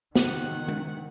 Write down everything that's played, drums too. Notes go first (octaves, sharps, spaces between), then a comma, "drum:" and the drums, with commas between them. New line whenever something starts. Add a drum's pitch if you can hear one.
D#3 F#5, drum: snare
drum: tom G#3